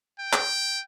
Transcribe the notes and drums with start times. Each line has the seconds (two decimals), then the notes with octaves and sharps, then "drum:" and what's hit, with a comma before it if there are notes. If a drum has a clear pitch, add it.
0.20 G5
0.33 drum: clap